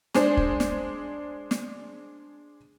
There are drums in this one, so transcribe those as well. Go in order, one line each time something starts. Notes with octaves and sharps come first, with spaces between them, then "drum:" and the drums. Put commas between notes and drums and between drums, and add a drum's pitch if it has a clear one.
G#3 D4 C5, drum: snare
drum: kick
drum: snare
drum: snare